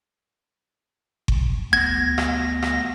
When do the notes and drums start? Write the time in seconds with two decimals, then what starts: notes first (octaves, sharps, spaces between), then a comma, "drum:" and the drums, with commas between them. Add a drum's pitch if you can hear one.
1.28 drum: kick G1
1.73 D2 B3 G#6 A#6
2.18 drum: rim click
2.62 drum: rim click